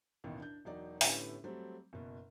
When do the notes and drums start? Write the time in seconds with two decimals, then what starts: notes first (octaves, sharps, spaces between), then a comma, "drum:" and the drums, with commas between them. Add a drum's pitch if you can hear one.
0.24 A1 D#2 B2 D#3
0.40 D4 G6
0.65 E1 F#3 D#4 D5
1.01 A2 D3 B3 C#4 E4 G4, drum: open hi-hat
1.44 F#3 G3 A3 C4
1.93 F#1 B2